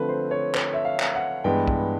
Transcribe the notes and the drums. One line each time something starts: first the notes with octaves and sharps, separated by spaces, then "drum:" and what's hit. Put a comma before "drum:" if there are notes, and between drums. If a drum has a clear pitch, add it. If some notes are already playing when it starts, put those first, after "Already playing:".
Already playing: D3 F3 A3 C4 B4
C5
C#5
C#5, drum: clap
E5
F5
drum: clap
F#5
G2 E3 G#3 B3 G5
drum: kick